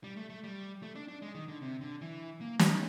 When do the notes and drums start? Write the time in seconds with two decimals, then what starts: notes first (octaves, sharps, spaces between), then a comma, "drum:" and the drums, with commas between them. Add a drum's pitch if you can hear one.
0.04 G3
0.17 A3
0.30 A3
0.44 G3
0.82 A3
0.96 D4
1.08 D4
1.22 G#3
1.34 D#3
1.48 D3
1.62 C3
1.81 D3
2.01 E3
2.41 A#3
2.59 D#4, drum: snare